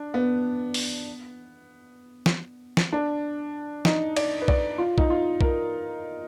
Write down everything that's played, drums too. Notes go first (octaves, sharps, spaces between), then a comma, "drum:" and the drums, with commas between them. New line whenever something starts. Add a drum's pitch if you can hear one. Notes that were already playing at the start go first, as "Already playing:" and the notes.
Already playing: D4
B3
drum: open hi-hat
drum: snare
drum: snare
D4
D#4, drum: snare
D5, drum: cymbal
B4
D5, drum: kick
F4
D#4, drum: kick
F4
A#4, drum: kick